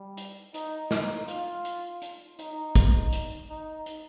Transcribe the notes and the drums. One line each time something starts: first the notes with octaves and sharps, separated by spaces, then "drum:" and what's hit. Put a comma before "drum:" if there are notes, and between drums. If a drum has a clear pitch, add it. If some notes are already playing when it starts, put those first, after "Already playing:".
Already playing: G3
drum: hi-hat
D#4, drum: hi-hat
D#4, drum: snare
F4, drum: hi-hat
drum: hi-hat
drum: hi-hat
D#4, drum: hi-hat
drum: kick, hi-hat
drum: hi-hat
D#4
drum: hi-hat